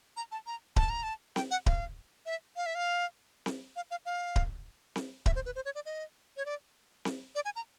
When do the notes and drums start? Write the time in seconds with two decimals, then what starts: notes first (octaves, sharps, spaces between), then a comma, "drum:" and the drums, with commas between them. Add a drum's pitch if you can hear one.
0.16 A#5
0.32 A5
0.47 A#5
0.76 A5, drum: kick D1
0.90 A#5
1.03 A5
1.36 G5, drum: snare C4
1.51 F#5
1.66 F5, drum: kick D1
2.26 E5
2.56 F5
2.66 E5
2.75 F5
3.46 drum: snare C4
3.76 F5
3.91 F5
4.06 F5
4.36 drum: kick D1
4.96 drum: snare C4
5.26 E5, drum: kick D1
5.35 C5
5.46 B4
5.56 C5
5.65 C#5
5.75 D5
5.86 D#5
6.37 C#5
6.45 D5
7.05 drum: snare C4
7.35 D5
7.45 G#5
7.56 A#5